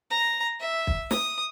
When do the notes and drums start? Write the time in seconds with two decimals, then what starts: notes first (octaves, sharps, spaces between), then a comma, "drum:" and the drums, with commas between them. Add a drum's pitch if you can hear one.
0.10 A#5
0.60 E5
0.87 drum: kick
1.11 D#6, drum: snare